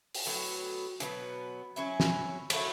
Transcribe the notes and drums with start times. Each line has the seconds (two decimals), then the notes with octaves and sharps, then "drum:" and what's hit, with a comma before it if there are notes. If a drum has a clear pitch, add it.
0.15 drum: open hi-hat
0.26 A2 F#3 B3 F#4
1.00 B2 F#3 B3, drum: hi-hat
1.76 F#3 C#4 E4
2.00 drum: snare
2.50 A2 F#3 A3 F#4, drum: cymbal